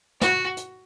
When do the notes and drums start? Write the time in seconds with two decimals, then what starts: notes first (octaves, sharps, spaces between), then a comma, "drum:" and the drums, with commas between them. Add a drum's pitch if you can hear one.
0.21 F#4, drum: snare
0.57 drum: hi-hat